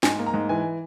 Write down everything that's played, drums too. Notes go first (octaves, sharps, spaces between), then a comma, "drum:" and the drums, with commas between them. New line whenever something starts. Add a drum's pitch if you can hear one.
G#2 G#5, drum: snare
A#3
A#5
G#2
E3 G#5